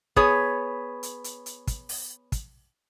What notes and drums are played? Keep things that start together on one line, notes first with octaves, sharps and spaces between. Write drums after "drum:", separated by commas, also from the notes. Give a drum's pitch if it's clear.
B3 G#4 C#5, drum: kick
drum: hi-hat
drum: hi-hat
drum: hi-hat
drum: kick, hi-hat
drum: open hi-hat
drum: kick, hi-hat